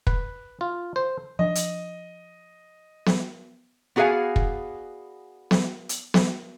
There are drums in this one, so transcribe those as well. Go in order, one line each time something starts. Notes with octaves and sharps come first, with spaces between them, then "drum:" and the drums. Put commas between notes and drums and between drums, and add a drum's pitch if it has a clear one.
B4, drum: kick
F4
C5
F3 D4 D#5
drum: hi-hat
drum: snare B3
B3 F#4 G#4 D5 F5 G#5
drum: kick
drum: snare B3
drum: hi-hat
drum: snare B3